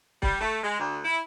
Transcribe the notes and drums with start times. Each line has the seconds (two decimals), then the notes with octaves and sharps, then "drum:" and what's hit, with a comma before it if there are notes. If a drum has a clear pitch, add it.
0.23 G3, drum: kick
0.41 A3
0.63 G#3
0.80 D2
1.05 E4